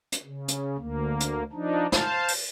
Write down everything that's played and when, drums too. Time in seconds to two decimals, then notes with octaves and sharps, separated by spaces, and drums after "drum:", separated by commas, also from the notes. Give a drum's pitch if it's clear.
0.12 drum: hi-hat
0.25 C#3
0.48 drum: hi-hat
0.78 D2 A#3
1.20 drum: hi-hat
1.53 F3 D4 D#4
1.92 C5 F5 A5, drum: snare
2.28 drum: open hi-hat